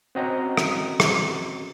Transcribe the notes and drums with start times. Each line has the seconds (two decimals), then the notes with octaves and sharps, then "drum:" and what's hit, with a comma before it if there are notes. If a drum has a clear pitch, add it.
0.15 C4 C#4 F#4 D#5 G5 A#5
0.57 drum: rim click
1.00 drum: rim click